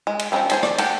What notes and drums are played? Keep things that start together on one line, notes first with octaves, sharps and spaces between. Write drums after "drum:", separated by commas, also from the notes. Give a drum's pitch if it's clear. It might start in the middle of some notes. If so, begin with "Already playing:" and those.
G#3
drum: cymbal
F3 G#3 A#3 C4 C#4
G#4 C5 A5, drum: cymbal
D5, drum: rim click
G4 A4 F#5, drum: cymbal